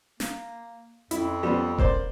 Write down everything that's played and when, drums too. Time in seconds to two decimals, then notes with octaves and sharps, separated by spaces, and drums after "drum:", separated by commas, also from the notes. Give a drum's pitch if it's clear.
0.20 A#3, drum: snare
1.11 F2 E4, drum: hi-hat
1.43 F3 G3 B3
1.78 A#3 C5 D5, drum: kick E1